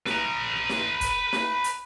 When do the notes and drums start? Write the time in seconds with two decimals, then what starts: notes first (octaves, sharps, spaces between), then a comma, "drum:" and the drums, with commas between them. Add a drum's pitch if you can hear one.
0.06 B4 A#5, drum: snare
0.69 drum: snare
1.01 drum: kick, hi-hat
1.33 drum: snare
1.64 drum: hi-hat